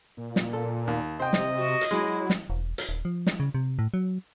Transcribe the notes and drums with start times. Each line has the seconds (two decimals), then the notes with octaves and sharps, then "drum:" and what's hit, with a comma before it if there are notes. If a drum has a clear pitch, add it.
0.17 A#2
0.36 drum: snare
0.53 A4
0.87 D#2
1.20 C3 C5 D#5 G5
1.33 drum: snare
1.57 F#4
1.81 drum: hi-hat
1.91 F#3 G#3 E4
2.30 drum: snare
2.50 E1
2.78 drum: hi-hat
2.89 D#1
3.05 F3
3.27 drum: snare
3.40 C#3
3.54 C3
3.79 A2
3.94 F#3